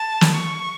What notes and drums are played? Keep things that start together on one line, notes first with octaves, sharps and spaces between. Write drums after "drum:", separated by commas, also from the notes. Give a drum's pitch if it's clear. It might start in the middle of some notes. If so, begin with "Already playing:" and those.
Already playing: A5
drum: snare
C#6